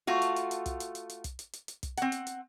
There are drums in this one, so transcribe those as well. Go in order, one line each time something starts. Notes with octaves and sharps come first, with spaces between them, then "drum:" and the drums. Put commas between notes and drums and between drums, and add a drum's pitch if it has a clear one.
A3 F4 F#4
drum: hi-hat
drum: hi-hat
drum: hi-hat
drum: kick, hi-hat
drum: hi-hat
drum: hi-hat
drum: hi-hat
drum: kick, hi-hat
drum: hi-hat
drum: hi-hat
drum: hi-hat
drum: kick, hi-hat
C4 F#5, drum: hi-hat
drum: hi-hat
drum: hi-hat